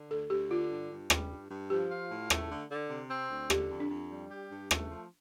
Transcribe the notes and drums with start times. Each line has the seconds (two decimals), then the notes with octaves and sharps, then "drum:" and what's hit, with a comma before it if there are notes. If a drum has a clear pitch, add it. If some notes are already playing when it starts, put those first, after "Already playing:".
Already playing: D3
0.10 D2 A4
0.30 D2 G4
0.50 D3 F4
0.70 G2
0.90 G2
1.10 G3, drum: rim click
1.30 G2
1.50 G2
1.70 F3 G4
1.90 F4
2.10 A2
2.30 A3, drum: rim click
2.51 D3
2.70 D3
2.90 C3
3.10 C4
3.30 D2
3.50 D3 G4, drum: rim click
3.70 F2
3.80 D4
3.91 F2
4.10 G3
4.30 G4
4.50 G2
4.71 A3, drum: rim click
4.90 F3